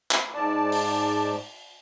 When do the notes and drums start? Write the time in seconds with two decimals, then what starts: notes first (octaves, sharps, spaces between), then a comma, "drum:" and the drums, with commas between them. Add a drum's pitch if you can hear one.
0.11 drum: clap
0.34 G#2 D5 A5
0.72 drum: open hi-hat